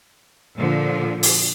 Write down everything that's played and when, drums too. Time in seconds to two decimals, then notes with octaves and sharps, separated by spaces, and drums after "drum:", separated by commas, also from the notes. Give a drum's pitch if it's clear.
0.57 A#2 D3 F3
1.23 drum: open hi-hat